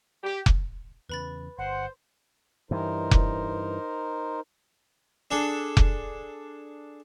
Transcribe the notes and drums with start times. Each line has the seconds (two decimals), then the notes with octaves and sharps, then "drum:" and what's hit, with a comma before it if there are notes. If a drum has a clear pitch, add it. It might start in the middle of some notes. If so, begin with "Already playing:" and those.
0.24 G4
0.46 drum: kick F1
1.09 E2 C#3 B4 B5 A6
1.58 G1 C5 F#5
2.71 G2 E3 D#4 A#4 C5
3.11 drum: kick F1
5.31 D4 G#4 A4
5.77 drum: kick F1